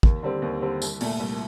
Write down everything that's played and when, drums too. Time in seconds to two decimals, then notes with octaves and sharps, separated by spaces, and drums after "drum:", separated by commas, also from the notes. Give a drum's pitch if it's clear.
0.03 D#2, drum: kick
0.22 D3 G3 C4
0.42 D#2
0.62 D3 G3 C4
0.82 C2, drum: tambourine
1.01 A#2 A3, drum: open hi-hat
1.20 C2